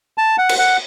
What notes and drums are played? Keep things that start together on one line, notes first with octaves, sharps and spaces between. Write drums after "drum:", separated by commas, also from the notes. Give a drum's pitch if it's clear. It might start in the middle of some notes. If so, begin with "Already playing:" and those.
A5
F#5
drum: cymbal
F#5